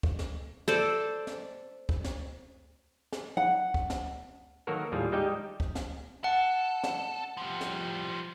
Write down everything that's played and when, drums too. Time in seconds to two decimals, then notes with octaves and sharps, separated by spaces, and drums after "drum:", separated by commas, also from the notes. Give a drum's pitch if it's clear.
0.03 drum: kick
0.19 drum: snare
0.68 A4 C5 D5
1.27 drum: snare
1.89 drum: kick
2.04 drum: snare
3.13 drum: snare
3.37 F#5
3.74 drum: kick
3.90 drum: snare
4.67 D#3 F#3 A#3 F#4 A4 A#4
4.92 D#2 A2 G3 F4 G#4
5.12 G3 G#3 D#4 G4 D#5 G5
5.60 drum: kick
5.75 drum: snare
6.24 A4 F#5
6.84 drum: snare
7.37 F3 G3
7.61 drum: snare